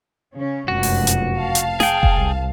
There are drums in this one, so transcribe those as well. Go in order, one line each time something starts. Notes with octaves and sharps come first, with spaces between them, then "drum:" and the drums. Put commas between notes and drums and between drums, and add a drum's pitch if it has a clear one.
C#3 C#4
F1 C#2 F#2 F#4
drum: open hi-hat
drum: hi-hat
F5 A5
drum: hi-hat
G#4 G5, drum: snare
drum: kick F1
C2